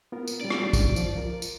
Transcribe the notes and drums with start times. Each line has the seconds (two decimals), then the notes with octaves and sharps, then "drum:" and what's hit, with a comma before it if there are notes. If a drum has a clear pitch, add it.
0.12 B3 F4 A#4
0.28 drum: tambourine
0.41 G3 C#4 D5
0.50 drum: rim click
0.73 drum: kick, tambourine
0.96 F3, drum: tambourine
1.16 F4 A#4
1.42 drum: tambourine